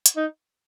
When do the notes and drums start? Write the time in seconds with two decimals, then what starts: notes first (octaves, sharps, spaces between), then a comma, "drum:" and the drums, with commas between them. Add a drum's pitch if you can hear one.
0.06 drum: hi-hat
0.17 D#4